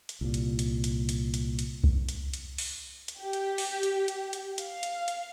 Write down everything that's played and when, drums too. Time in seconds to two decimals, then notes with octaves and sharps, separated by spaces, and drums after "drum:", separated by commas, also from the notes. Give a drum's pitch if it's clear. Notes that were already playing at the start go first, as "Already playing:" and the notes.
0.09 drum: hi-hat
0.21 C2 A#2
0.34 drum: hi-hat
0.59 drum: hi-hat
0.84 drum: hi-hat
1.09 drum: hi-hat
1.34 drum: hi-hat
1.59 drum: hi-hat
1.84 drum: kick C2
2.09 drum: hi-hat
2.33 drum: hi-hat
2.58 drum: open hi-hat
3.08 drum: hi-hat
3.19 G4
3.33 drum: hi-hat
3.58 drum: open hi-hat
3.83 drum: hi-hat
4.08 drum: hi-hat
4.33 drum: hi-hat
4.58 F5, drum: hi-hat
4.83 drum: hi-hat
5.08 drum: hi-hat